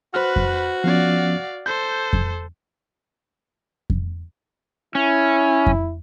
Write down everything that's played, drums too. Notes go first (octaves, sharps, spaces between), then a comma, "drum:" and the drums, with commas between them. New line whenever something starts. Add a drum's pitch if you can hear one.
F#4 B4 C5 F6
drum: kick F2
F3 B3 C#4 D5 F5
A4 C5 G6
drum: kick F2
drum: kick F2
C#4 E4
drum: kick F2